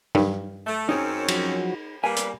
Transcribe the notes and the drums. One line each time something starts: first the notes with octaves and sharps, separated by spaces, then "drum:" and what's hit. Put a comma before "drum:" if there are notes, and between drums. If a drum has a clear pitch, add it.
G2, drum: tom
A3
F#2 C4 C#4 D#4 G#4 A#4 E6
F3 F#3 F#4, drum: cymbal
G3 A#3 B4 G#5 B5
drum: hi-hat